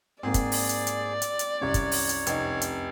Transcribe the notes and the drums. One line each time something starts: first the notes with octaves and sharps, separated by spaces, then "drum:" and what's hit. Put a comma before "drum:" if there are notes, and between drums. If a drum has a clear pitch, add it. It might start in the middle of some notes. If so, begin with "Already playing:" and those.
G#2 A#3 C4 G#4 D5
drum: kick, hi-hat
drum: open hi-hat
drum: hi-hat
drum: hi-hat
drum: hi-hat
drum: hi-hat
C2 F#2 C#5
drum: kick, hi-hat
drum: open hi-hat
drum: hi-hat
F1 D#4, drum: hi-hat
drum: hi-hat